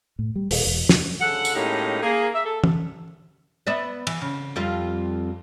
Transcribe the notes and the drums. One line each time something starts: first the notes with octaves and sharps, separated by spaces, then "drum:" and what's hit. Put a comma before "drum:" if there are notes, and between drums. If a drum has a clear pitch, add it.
A2
G3
D#1, drum: open hi-hat
E1
drum: snare
D2 C#3 A4 F#5
drum: tambourine
A2 G#3 A#3 C#4 D#4 G4
A#3 G#4
E5
A4
drum: tom
B3 D5 E5
E3, drum: cymbal
C#3
F2 G3 F4